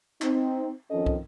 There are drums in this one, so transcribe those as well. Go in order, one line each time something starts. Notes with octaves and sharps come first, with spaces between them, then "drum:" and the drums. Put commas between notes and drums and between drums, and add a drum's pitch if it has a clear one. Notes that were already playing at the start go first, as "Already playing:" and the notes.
C4 D#4, drum: clap
F2 D#3 F3 C#4 A4 D#5
drum: kick